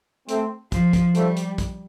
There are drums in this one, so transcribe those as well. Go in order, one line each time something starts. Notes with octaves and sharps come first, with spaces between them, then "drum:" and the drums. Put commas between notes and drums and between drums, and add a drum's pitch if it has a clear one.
A3 C4, drum: hi-hat
F3, drum: kick, hi-hat
drum: kick, hi-hat
F3 G3 A3, drum: hi-hat
drum: hi-hat
drum: kick, hi-hat